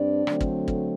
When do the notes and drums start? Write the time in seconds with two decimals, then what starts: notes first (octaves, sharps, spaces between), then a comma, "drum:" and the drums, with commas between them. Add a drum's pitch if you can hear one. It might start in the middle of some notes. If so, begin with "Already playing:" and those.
Already playing: G2 C4 D4 D5
0.27 D3 F#3 A3 C4, drum: rim click
0.41 drum: kick
0.68 drum: kick